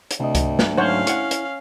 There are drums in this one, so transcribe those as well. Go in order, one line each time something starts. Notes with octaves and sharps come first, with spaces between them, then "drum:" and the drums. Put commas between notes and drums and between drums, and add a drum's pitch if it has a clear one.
drum: hi-hat
D2 C3 D#5
drum: kick C#2, hi-hat
drum: snare
G#2 F#3 C#4 D#4 C5 C#5 F5 F#5
E4 F#5 C#6, drum: hi-hat
drum: hi-hat